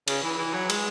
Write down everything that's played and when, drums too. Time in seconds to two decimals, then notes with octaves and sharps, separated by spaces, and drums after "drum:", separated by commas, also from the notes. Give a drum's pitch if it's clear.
0.08 C#3, drum: cymbal
0.23 E3
0.38 E3
0.54 F#3
0.70 G#3, drum: cymbal